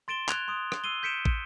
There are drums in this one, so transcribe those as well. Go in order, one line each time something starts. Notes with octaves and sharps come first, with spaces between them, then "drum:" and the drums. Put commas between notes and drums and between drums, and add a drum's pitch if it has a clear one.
C6 A6 D7 E7 G7
F#6 G#6 F7, drum: clap
C6 D#6 D7
drum: rim click
E6 C7 D#7 G7
G6 B6 C#7 D7 E7
drum: kick